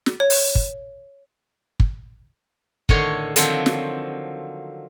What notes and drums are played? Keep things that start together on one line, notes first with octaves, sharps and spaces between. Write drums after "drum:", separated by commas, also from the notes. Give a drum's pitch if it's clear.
drum: snare
C#5
drum: open hi-hat
drum: kick
drum: kick
A2 D3 D#3 C#5 C6, drum: kick
D3 D#3 F3 F#3 C4, drum: hi-hat
drum: snare